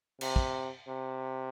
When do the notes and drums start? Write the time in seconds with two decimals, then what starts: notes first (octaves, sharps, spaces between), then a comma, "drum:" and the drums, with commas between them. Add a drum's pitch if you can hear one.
0.21 C3, drum: cymbal
0.36 drum: kick
0.88 C3